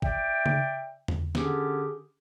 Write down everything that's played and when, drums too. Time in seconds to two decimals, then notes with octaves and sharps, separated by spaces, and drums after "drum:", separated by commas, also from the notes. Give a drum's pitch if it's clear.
0.02 D5 E5 G5, drum: kick
0.46 drum: tom C#3
1.08 drum: tom E2
1.35 D3 C#4 D4 G4 G#4, drum: snare